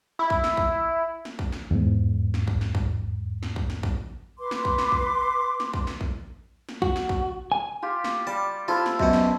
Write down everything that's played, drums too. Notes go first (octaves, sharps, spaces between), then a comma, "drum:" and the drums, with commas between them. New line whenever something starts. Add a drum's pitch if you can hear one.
E4
drum: kick
drum: snare
drum: kick
drum: snare
drum: kick
drum: snare
E2 G#2
drum: snare
drum: kick
drum: snare
drum: kick
drum: snare
drum: kick
drum: snare
drum: kick
B4 C6 D6
drum: snare
drum: kick
drum: snare
drum: kick
drum: snare
drum: kick
drum: snare
drum: kick
drum: snare
F#4, drum: kick
drum: snare
drum: kick
G#5
F4 G4
drum: snare
G3 A5
C4 E4 F4 A4
drum: snare
F#2 B2 F#5, drum: kick
drum: snare